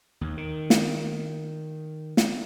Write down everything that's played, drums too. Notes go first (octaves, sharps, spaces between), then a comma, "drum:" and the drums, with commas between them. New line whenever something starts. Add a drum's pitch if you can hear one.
D#2
D#3
drum: snare
drum: snare